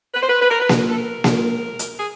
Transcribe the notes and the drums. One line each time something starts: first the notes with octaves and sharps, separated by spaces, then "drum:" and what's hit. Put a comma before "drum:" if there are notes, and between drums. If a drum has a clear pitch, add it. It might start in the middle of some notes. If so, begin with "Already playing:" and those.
B4
C5
B4
B4
A#4
B4
drum: snare A#3
A4
A#4
A2 F3 G#3, drum: snare A#3
drum: hi-hat
G#4